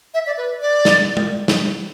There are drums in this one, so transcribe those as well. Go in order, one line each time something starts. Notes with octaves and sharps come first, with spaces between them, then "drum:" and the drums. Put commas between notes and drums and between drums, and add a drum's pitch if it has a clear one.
E5
D5
B4
D5
drum: snare
drum: tom G#3
drum: snare